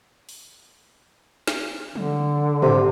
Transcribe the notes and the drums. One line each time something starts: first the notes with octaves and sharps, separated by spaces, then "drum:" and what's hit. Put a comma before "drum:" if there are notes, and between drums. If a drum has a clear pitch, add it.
drum: open hi-hat
drum: snare
D3, drum: tom
C3, drum: tom G#2